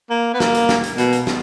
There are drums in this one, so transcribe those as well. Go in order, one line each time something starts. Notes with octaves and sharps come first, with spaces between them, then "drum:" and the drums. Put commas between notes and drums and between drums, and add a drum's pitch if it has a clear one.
A#3
B3
A#3, drum: snare
drum: hi-hat
drum: snare
drum: hi-hat
B2, drum: hi-hat
drum: hi-hat
drum: snare